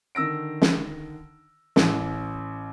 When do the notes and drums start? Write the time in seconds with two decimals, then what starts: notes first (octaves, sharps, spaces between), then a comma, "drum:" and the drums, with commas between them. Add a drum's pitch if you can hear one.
0.15 D3 D#3 E6 A#6 D7
0.62 drum: snare
1.76 A1 E3, drum: snare